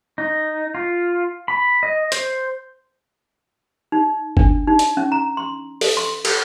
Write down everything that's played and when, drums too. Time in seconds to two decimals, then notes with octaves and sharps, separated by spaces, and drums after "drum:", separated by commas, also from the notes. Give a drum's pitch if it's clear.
0.18 D#4
0.75 F4
1.48 B5
1.83 D#5
2.12 C5, drum: hi-hat
3.92 D#4
4.37 D4, drum: kick
4.67 D#4
4.79 drum: hi-hat
4.97 C#4
5.12 A#5
5.37 C6
5.81 A4, drum: open hi-hat
5.97 C6
6.25 A4, drum: cymbal